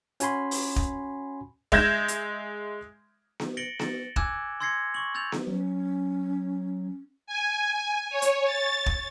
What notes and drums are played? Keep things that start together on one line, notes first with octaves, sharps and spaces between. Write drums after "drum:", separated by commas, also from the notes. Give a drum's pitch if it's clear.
C#4 F#4 G#5 B5 C6, drum: hi-hat
drum: open hi-hat
drum: kick
G#3 E5 G6 G#6 A#6 E7, drum: kick
drum: hi-hat
drum: snare B3
A6 A#6 C#7 D7 F#7 G7
A6 E7, drum: snare B3
G#5 D6 E6 F#6 G#6 E7, drum: kick
C6 E6 G#6 A#6 C7 C#7
C#6 F#7
E6 G6 A6 F7
drum: snare B3
F#3 C#4
G#5
C#5
drum: hi-hat
A6
drum: kick